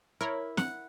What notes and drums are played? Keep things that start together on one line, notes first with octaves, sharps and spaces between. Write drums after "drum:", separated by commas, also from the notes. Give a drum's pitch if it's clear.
E4 A#4 C#5
F#5, drum: snare